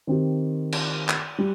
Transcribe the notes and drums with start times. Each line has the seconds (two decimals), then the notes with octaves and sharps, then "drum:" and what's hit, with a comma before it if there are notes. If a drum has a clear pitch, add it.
0.07 D#3 C4 G4
0.72 drum: cymbal
1.08 drum: clap
1.39 G3